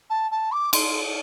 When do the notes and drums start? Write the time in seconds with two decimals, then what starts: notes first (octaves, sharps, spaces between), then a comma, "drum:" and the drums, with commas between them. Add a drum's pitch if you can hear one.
0.10 A5
0.31 A5
0.52 D6
0.73 C6, drum: cymbal